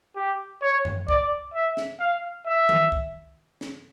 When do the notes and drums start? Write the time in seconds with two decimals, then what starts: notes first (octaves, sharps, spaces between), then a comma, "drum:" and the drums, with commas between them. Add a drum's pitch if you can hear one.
0.16 G4
0.62 C#5
0.85 drum: tom F#2
1.08 D5, drum: kick
1.54 E5
1.77 drum: snare
2.00 F5
2.46 E5
2.69 drum: tom D#3
2.92 drum: kick
3.61 drum: snare